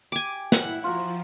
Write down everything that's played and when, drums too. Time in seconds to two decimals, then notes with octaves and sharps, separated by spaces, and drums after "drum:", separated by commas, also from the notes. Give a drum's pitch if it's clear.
0.12 G4 G#5 D6
0.52 E4 F#5, drum: snare
0.84 F3 F4 F#4 A#5